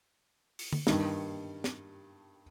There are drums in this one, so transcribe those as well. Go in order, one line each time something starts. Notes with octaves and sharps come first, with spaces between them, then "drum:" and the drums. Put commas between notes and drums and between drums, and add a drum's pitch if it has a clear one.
drum: open hi-hat
drum: tom
G2 D#3, drum: snare
drum: snare